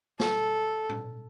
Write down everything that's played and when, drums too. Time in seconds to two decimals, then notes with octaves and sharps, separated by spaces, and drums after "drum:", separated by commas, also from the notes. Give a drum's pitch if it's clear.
0.20 A4, drum: snare
0.89 drum: tom A2